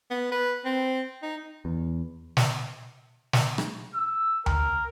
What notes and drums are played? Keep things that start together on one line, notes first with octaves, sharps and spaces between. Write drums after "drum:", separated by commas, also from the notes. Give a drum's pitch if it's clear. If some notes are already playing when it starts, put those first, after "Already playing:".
B3
B4
C4
D#4
E2
drum: snare
drum: snare
drum: rim click
E6
A#4, drum: tom D2